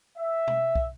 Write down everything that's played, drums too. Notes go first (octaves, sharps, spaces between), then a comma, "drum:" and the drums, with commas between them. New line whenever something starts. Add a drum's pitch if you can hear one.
E5
drum: tom B2
drum: kick